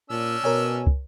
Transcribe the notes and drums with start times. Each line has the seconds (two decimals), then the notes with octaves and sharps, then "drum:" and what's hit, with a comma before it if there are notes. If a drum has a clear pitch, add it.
0.10 A#2 C#4 D4 E6
0.44 B2 A#4 C#5 G#5
0.87 drum: kick